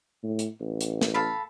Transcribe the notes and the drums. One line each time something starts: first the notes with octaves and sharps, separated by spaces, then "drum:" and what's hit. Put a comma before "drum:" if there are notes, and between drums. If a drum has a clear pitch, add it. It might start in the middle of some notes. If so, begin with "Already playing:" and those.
A2
drum: hi-hat
A1
drum: hi-hat
drum: snare
A4 F5 B5